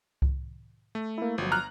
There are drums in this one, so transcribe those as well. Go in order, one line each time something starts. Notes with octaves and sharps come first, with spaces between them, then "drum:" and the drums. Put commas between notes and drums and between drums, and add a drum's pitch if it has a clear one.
drum: kick C2
A3
A#3 E4
G1 F3 F#3
A#5 F6 F#6